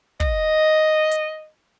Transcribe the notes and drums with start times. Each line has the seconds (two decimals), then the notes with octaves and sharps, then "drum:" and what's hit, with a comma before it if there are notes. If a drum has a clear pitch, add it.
0.20 D#5, drum: kick
1.11 drum: hi-hat